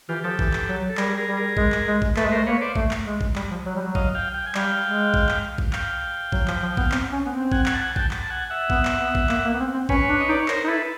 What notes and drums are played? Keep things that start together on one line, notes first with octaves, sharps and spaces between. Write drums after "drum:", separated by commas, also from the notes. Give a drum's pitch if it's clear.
E3 F4 G4
F3 G4 A4
E3, drum: kick
drum: clap
F#3
A4
G3 G#4 A#4, drum: clap
G#4 A#4
G3
G#4 A#4
G#3, drum: kick
drum: clap
G#3
drum: kick
A3 A4 B4, drum: clap
G#3
A3 A#4 C5
A#3 B4 C#5
C5 D5
A3, drum: kick
drum: clap
G#3
drum: kick
G3, drum: clap
F3
F#3
G3
F#3
D#5 F5, drum: kick
F5 G5
G5
G#5
G3 F5 G5, drum: clap
G#3
drum: kick
drum: clap
drum: kick
F5 G5, drum: clap
F#3, drum: kick
F3, drum: clap
F3
B3, drum: kick
C4, drum: clap
C#4
B3
C4
F#5 G#5, drum: kick
F#5 G#5, drum: clap
A5
F#5 G#5
G5 A5, drum: kick
drum: clap
A5
F#5 G#5
E5 F#5
B3, drum: kick
drum: clap
B3
drum: kick
A#3, drum: clap
A#3
B3
C4
C4
C#4 B4 C#5, drum: kick
D4
D#5
D#4 D5
C#5
A#4 C5, drum: clap
D#4
E4 A4 B4